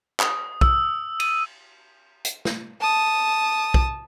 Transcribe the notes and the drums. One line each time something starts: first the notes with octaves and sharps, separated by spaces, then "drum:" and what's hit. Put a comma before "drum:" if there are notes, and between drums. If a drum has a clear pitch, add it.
D#6, drum: clap
E6, drum: kick B1
D#7, drum: cymbal
drum: hi-hat
drum: snare
A5 D#6
drum: kick B1